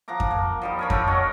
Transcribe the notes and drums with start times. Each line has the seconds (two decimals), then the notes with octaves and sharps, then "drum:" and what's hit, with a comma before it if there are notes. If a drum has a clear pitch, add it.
0.08 F3 F#5 A#5 D6
0.20 drum: kick F2
0.31 A#3
0.62 F3 G3 D#4
0.79 A#4 C#5 B5
0.90 A4 A#4 F#5 G5, drum: kick F2
1.07 C#4 F#4 C#5 D#5